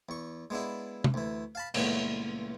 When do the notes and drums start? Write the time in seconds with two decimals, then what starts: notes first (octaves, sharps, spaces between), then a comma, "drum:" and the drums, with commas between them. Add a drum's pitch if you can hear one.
0.09 E2 C#6
0.50 G#3 B3 D4 E4
1.04 drum: tom C3
1.14 D2 E3
1.55 F5 A5 B5
1.74 C#2 A#2 C#3 E3 A3 B3, drum: cymbal